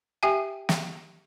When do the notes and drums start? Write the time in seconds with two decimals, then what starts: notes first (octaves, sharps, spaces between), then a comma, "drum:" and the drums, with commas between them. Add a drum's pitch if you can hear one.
0.23 G4 E5 G5 G#5
0.69 drum: snare